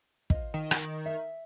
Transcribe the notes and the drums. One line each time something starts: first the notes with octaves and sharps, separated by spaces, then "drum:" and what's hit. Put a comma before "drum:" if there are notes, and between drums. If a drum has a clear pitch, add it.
F4 C5 D#5, drum: kick
D#3
drum: rim click
E5